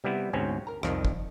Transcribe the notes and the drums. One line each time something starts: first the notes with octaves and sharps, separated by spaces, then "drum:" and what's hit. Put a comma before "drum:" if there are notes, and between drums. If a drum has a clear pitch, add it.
C3 G3 B3 E4
D2 G#2 B2 C4 C#4
A#4 A#5
C2 F2 D#3 F3, drum: rim click
drum: kick